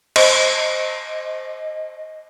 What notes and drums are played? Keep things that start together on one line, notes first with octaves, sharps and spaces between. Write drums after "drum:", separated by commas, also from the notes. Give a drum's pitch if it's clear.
C5 D#5, drum: cymbal